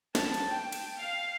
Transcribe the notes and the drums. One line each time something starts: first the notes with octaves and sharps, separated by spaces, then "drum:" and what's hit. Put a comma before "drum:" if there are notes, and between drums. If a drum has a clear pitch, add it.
A5, drum: snare
drum: cymbal
G5
drum: cymbal
F5